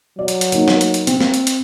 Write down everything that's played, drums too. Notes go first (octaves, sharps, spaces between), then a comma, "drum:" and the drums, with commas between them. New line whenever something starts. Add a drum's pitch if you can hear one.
F#3 D5
drum: hi-hat
drum: hi-hat
A#3 D#4, drum: hi-hat
drum: snare
drum: hi-hat
drum: hi-hat
C4, drum: hi-hat
drum: snare
drum: hi-hat
drum: hi-hat